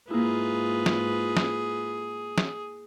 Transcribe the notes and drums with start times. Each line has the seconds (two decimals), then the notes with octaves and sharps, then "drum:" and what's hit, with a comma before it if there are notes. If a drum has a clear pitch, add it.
0.10 G#2 A#3 E4 F4 G#4 B4
0.86 drum: snare
1.37 drum: snare
2.38 drum: snare